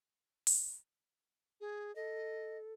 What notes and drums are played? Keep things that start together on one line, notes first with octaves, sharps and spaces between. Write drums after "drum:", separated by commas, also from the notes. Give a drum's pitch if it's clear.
drum: open hi-hat
G#4
A4 D#5